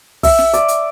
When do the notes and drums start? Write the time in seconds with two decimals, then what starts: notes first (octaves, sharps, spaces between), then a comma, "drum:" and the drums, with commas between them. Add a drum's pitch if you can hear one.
0.23 E5, drum: kick, open hi-hat
0.38 drum: snare
0.53 D5, drum: hi-hat
0.68 drum: hi-hat